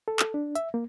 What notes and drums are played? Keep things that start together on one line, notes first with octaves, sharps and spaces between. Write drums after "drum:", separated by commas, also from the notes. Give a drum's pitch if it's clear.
A4
drum: clap
D4
E5, drum: hi-hat
A#3